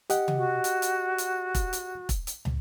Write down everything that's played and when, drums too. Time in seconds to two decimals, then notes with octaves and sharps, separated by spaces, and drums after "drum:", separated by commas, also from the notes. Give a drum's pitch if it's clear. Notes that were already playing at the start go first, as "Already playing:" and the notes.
0.10 G4 D#5 F#5, drum: hi-hat
0.28 drum: tom C3
0.37 F#4
0.64 drum: hi-hat
0.82 drum: hi-hat
1.18 drum: hi-hat
1.55 drum: kick E1, hi-hat
1.73 drum: hi-hat
2.09 drum: kick E1, hi-hat
2.27 drum: hi-hat
2.45 drum: tom